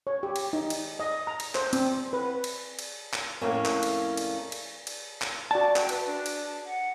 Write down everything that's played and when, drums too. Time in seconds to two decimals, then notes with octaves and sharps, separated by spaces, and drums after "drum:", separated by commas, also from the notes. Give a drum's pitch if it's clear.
0.07 C#5
0.23 G4
0.36 drum: cymbal
0.53 D#4
0.70 drum: cymbal
1.00 D#5
1.27 A#5
1.40 drum: cymbal
1.55 C5, drum: clap
1.73 C4, drum: cymbal
2.13 B4
2.44 drum: cymbal
2.79 drum: cymbal
3.13 drum: clap
3.41 F2 A2 A#3 C#4
3.65 drum: clap
3.83 drum: cymbal
4.17 drum: cymbal
4.52 drum: cymbal
4.87 drum: cymbal
5.22 drum: clap
5.51 F#4 D5 A5
5.76 G5, drum: clap
5.89 B4, drum: cymbal
6.05 D4
6.26 drum: cymbal
6.65 F#5